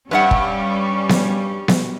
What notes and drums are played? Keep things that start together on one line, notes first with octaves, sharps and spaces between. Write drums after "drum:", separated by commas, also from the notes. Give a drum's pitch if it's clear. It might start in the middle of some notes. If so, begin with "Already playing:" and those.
G2 G3 C#4 B4 E5 F#5
drum: kick
drum: snare B3
drum: snare B3